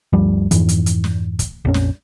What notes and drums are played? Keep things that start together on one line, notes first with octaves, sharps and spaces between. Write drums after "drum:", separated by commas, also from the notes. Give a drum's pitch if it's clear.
D2 G2 F3 G3
F2 G#2 E3, drum: hi-hat
drum: hi-hat
drum: hi-hat
drum: snare
drum: kick, hi-hat
A#1 F2 C#4
drum: snare